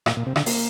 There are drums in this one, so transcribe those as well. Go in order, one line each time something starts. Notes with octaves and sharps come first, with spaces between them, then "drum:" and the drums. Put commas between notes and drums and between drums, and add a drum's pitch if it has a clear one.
A#2, drum: rim click
A#2
C3
D3, drum: rim click
A#3, drum: open hi-hat